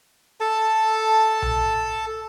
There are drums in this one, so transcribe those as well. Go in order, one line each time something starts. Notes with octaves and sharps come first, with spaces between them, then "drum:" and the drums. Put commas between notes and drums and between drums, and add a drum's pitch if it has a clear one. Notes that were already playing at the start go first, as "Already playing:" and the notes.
A4 A5
drum: tom B1